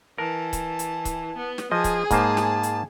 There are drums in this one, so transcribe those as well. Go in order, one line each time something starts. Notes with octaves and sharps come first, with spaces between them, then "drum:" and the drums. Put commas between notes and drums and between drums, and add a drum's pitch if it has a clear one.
E3 A#4 A5
drum: kick C#1, hi-hat
drum: hi-hat
drum: kick C#1, hi-hat
B3
drum: snare
F3 G#4 D#5 A5
drum: kick C#1, hi-hat
G#2 A#3 C5 A5, drum: kick C#1, hi-hat
drum: snare
drum: hi-hat